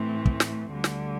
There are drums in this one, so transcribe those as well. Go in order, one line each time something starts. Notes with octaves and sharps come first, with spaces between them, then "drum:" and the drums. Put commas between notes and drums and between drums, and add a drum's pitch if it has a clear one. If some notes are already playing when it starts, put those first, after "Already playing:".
Already playing: A2 E3 A3 C4
drum: kick
drum: snare
D2 D3 G3
drum: snare